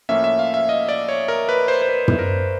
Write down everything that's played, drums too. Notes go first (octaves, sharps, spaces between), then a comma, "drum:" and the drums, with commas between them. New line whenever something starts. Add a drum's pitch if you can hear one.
A2 F3 A#3 C#4 E5
E5
F5
E5
D#5
D5
C#5
A#4
B4
C5
C5
B4
drum: tom
A#4